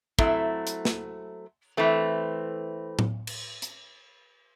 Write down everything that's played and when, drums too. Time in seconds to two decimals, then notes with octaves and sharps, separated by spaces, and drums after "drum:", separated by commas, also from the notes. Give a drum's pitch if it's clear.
0.19 F#3 A3 C4 E4, drum: kick
0.67 drum: hi-hat
0.85 drum: snare
1.77 E3 A3 C4
2.99 drum: tom A2
3.27 drum: cymbal
3.62 drum: hi-hat